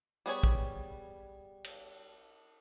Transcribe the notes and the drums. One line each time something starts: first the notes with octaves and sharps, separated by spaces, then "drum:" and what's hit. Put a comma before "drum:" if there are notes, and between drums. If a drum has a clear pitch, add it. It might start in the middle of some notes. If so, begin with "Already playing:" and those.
G3 B3 G#4 C#5
drum: kick
drum: cymbal